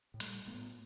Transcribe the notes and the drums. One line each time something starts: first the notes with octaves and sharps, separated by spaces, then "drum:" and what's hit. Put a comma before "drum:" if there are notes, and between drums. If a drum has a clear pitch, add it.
A2
G3 A3, drum: hi-hat
A2
A3 B3
A2